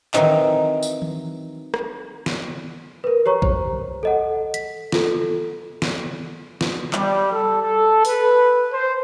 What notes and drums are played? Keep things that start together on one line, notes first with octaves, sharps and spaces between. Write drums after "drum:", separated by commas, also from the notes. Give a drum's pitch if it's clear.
D#3 E3 F#3 C4 D#4, drum: clap
drum: tambourine
drum: tom D#3
drum: rim click
drum: snare
A#4 B4
G4 C#5 A#5 C#6
C5, drum: kick
A4 D#5 F#5
B6, drum: hi-hat
F4 A4, drum: snare
drum: snare
drum: snare
G3, drum: clap
A4
A4
B4, drum: open hi-hat
C5